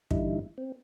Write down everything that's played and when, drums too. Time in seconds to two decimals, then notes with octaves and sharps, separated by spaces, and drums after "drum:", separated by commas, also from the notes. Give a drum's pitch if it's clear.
0.11 G2 D3 E3 G3 D#4 E4, drum: kick
0.58 C4